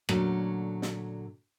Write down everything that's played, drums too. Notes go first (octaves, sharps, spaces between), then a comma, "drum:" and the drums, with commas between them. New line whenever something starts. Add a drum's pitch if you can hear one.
A#2 D3 F#3 A3 C#4, drum: rim click
drum: snare